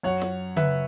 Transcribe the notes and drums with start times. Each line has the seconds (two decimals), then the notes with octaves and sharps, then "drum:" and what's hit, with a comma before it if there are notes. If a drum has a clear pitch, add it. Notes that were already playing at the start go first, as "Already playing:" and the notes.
0.03 F#2 F#3 C#5 F#5
0.22 drum: snare
0.56 B4 E5, drum: tom C#3